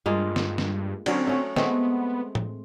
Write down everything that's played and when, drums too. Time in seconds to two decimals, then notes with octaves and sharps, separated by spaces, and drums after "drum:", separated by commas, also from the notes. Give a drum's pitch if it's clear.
0.06 G2 G#3 A#3 F4
0.36 drum: snare
0.58 drum: snare
1.06 D3 F#3 C4 C#4, drum: cymbal
1.27 A3 C#4 F#4
1.56 G#3 A3 B3 C4, drum: snare
2.35 drum: tom A2